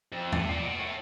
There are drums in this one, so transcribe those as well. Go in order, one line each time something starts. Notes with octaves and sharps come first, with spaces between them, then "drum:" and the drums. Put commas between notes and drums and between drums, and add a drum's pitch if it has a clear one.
F2
A2, drum: tom
A#2
B2
A2